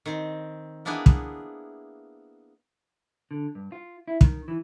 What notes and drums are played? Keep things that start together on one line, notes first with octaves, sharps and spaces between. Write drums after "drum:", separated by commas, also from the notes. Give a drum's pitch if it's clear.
D#3 C4
A#3 B3 D4 E4 G#4 B4
drum: kick
D3
G2
F4
E4
D#3, drum: kick
E3